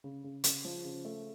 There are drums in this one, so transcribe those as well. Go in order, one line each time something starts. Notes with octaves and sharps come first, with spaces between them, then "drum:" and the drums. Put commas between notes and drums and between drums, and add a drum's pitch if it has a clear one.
C#3
C#3
C#3, drum: hi-hat
F3
C#3
A3